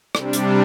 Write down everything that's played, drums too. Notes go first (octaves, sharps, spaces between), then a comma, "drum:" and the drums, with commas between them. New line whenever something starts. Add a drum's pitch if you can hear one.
C3 G3 D4, drum: rim click
drum: hi-hat